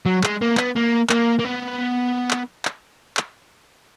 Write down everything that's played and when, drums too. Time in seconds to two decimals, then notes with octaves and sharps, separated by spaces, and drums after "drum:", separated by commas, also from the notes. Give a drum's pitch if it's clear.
0.06 F#3
0.24 G#3, drum: clap
0.41 A#3
0.57 B3, drum: clap
0.76 A#3
1.10 A#3, drum: clap
1.39 A#3
1.44 B3
2.31 drum: clap
2.65 drum: clap
3.17 drum: clap